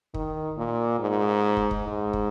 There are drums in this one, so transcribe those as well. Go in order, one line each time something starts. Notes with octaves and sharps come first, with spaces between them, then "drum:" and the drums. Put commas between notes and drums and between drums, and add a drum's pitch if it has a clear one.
D#3, drum: kick
A#2
G#2
drum: kick
drum: kick
G#2
drum: kick